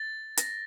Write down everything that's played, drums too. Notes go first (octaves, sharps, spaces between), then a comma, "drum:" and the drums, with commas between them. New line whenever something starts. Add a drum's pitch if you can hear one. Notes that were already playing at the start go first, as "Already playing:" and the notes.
Already playing: A6
A#6, drum: hi-hat